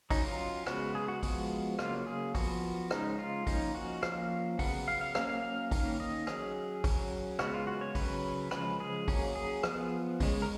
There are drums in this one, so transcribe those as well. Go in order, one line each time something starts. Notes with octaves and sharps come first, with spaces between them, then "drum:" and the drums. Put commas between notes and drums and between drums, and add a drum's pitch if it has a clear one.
F#3 C#4 D#4, drum: kick, open hi-hat
F4
C#3 G#3 B3 F#4, drum: rim click
G#4
F#4
F3 G#3 B3, drum: kick, open hi-hat
C#3 F#3 A#3 F4, drum: rim click
G#4
F3 B3 F#4, drum: kick, open hi-hat
C#3 G#3 C#4 D#4, drum: rim click
F4
F3 A#3 C#4 D#4, drum: kick, open hi-hat
F#4
F3 A#3 C#4 F5, drum: rim click
C#3 F#3 B3 F#5, drum: kick, open hi-hat
F5
F5
F#3 A#3 C#4 F5, drum: rim click
F5
F5
D#3 A#3 C#4, drum: kick, open hi-hat
D#5
F#3 C#4 G#4, drum: rim click
F#3 C#4, drum: kick, open hi-hat
C#3 G#3 B3 F#4, drum: rim click
F4
F#4
C#5
C#3 F#3 C#4 B4, drum: kick, open hi-hat
C#3 F3 G#3 C#4 B4, drum: rim click
G#4
F#3 A#3 C#4, drum: kick, open hi-hat
G#4
F3 B3, drum: rim click
C#3 G#3 C#4, drum: kick, open hi-hat
A#4